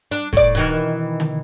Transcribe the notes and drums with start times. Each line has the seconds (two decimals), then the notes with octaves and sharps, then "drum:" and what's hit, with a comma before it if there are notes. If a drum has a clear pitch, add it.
0.11 D4, drum: hi-hat
0.33 A2 D5, drum: kick
0.55 B2 D#3 E3
1.20 drum: tom D3